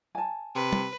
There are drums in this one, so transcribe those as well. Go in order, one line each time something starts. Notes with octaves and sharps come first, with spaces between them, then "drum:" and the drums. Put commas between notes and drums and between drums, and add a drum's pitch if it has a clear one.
G#5 A5
C3 B4
drum: tom